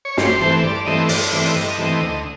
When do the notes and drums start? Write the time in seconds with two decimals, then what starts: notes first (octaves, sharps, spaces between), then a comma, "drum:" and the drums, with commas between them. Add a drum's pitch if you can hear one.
0.05 C#5
0.17 G2 C5, drum: snare
0.41 E3 A3 C4
0.64 G2 D5
0.86 E3 A3 C4 D#5
1.09 G2 D5, drum: open hi-hat
1.32 E3 A3 C4 D5
1.44 D#5
1.55 G2 D#5
1.78 E3 A3 C4
2.01 D2